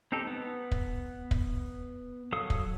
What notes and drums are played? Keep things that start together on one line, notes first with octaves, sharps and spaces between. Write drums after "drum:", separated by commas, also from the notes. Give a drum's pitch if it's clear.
C4 D#4 G4 A4
B3
drum: kick
drum: kick
F#3 A4 F5 D#6
drum: kick